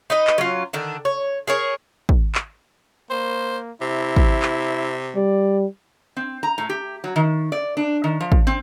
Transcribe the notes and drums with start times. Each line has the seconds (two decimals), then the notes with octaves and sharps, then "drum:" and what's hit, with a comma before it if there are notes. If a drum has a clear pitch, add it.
0.10 D#4 B4 D#5
0.27 drum: clap
0.38 F#3 C#4 F4
0.73 D3 D#3 D4
1.05 C#5
1.47 G#4 A#4 C#5
2.09 drum: kick
2.35 drum: clap
3.10 A#3 C5
3.82 C3 E4
4.16 drum: kick
4.42 drum: clap
5.16 G3 D5
6.17 C4
6.43 A#5
6.58 A2
6.69 G4
7.04 F#3
7.16 D#3
7.52 D5
7.77 D4
8.04 D#3
8.20 F3
8.32 drum: kick
8.47 C4